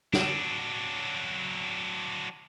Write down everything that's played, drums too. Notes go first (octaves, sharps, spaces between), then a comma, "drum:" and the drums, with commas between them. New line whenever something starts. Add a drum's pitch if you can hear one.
F#3 D4, drum: snare